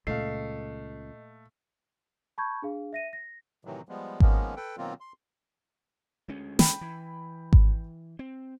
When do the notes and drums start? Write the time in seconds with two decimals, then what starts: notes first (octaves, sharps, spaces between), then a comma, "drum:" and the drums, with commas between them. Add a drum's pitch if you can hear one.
0.07 C#2 A#2 A3 D#5 F5 C7
2.38 A5 B5 C#6 G6 G#6
2.62 D4 G#4 F5
2.93 E5 A#6 D#7
3.13 A#6
3.65 A2 C3 D#3 E3 F#3
3.89 F3 G3 G#3 B3
4.20 D#3 F3 G#3 A#3 B3 C#4, drum: kick G#1
4.56 A4 B4 G5
4.78 B2 D#3 F#3 A#3 C4 F4
5.00 C6
6.29 D2 G#3 C#4
6.59 G5 B5, drum: snare
6.81 E3
7.53 drum: kick G#1
8.19 C4